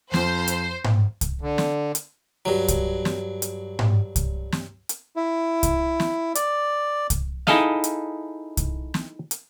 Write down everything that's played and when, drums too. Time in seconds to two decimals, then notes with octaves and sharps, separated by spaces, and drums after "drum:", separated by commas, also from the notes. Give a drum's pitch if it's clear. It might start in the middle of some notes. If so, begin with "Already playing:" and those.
0.14 F2 C5, drum: snare
0.48 drum: hi-hat
0.84 drum: tom G#2
1.21 drum: kick C2, hi-hat
1.41 D3
1.58 drum: snare
1.95 drum: hi-hat
2.45 G2 F#3
2.68 drum: kick C2, hi-hat
3.05 drum: snare
3.42 drum: hi-hat
3.79 drum: tom G#2
4.16 drum: kick C2, hi-hat
4.52 drum: snare
4.89 drum: hi-hat
5.16 E4
5.63 drum: kick C2, hi-hat
6.00 drum: snare
6.35 D5, drum: hi-hat
7.10 drum: kick C2, hi-hat
7.47 D#4 E4 G#4 A4 D#5 F5, drum: snare
7.84 drum: hi-hat
8.57 drum: kick C2, hi-hat
8.94 drum: snare
9.31 drum: hi-hat